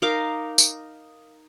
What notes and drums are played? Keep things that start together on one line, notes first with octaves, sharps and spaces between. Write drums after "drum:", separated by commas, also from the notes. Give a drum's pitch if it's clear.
D#4 A#4 F5 D6
drum: tambourine